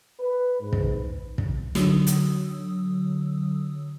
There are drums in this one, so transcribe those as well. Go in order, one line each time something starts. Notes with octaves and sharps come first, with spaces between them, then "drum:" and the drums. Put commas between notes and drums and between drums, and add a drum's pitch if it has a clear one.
B4
G#2
drum: kick
drum: kick
D3 F#3 D#6 E6, drum: snare
drum: hi-hat